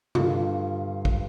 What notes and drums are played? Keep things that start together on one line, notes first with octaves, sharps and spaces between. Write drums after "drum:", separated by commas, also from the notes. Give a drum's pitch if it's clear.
G2 D3 G3 F4, drum: tom
drum: kick